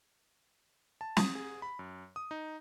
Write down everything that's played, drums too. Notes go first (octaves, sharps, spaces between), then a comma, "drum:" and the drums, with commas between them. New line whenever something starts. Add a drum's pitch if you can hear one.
A5
D#6, drum: snare
G#4
B5
F#2
D#6
D#4